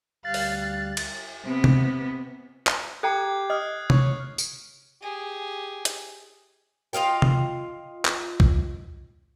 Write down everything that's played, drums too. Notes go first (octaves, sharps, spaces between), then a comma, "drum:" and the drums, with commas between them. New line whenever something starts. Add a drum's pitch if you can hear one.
D2 G3 F5 F#6 A6
drum: open hi-hat
drum: cymbal
C3 B3
drum: tom C3
drum: clap
G4 A4 G5 A#5 F#6 G#6 C7
D#5 D#6 F6
C#5, drum: tom C3
drum: tambourine
G4 G#4
drum: hi-hat
F4 D#5 F5 G5
drum: tom C3
drum: clap
drum: kick